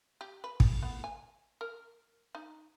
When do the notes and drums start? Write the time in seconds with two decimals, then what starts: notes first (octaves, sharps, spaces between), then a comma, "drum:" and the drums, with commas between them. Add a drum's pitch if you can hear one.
0.21 G4
0.44 B4
0.60 drum: kick
0.83 B3
1.04 G#5
1.61 A#4
2.35 D#4